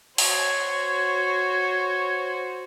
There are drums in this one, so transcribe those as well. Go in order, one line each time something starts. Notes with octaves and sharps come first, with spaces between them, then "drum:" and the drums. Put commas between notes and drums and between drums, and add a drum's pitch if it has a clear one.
F#4 C5 C#5, drum: open hi-hat